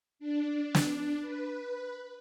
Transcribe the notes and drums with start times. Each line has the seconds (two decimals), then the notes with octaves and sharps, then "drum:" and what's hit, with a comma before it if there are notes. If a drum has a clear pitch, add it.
0.19 D4
0.75 drum: snare
1.21 B4